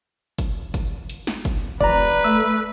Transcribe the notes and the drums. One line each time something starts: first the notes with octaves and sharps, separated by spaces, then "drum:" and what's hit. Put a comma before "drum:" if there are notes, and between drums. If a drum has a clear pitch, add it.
drum: kick, hi-hat
drum: kick, hi-hat
drum: hi-hat
drum: snare
drum: kick, hi-hat
F1 B4 D5 A#5, drum: kick
A3 E6